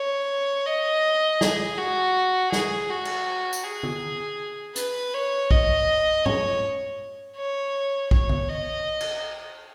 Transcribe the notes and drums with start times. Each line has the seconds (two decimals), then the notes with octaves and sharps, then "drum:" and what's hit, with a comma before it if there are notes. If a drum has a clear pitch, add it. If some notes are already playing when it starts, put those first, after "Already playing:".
Already playing: C#5
0.66 D#5
1.41 G#4, drum: snare
1.78 F#4
2.52 G#4, drum: snare
2.90 F#4
3.05 drum: cymbal
3.53 drum: tambourine
3.64 G#4
3.83 drum: tom D3
4.76 B4, drum: hi-hat
5.14 C#5
5.51 D#5, drum: kick
6.26 C#5, drum: tom G#2
7.37 C#5
8.11 C#5, drum: kick
8.29 drum: tom D3
8.49 D#5
9.01 drum: cymbal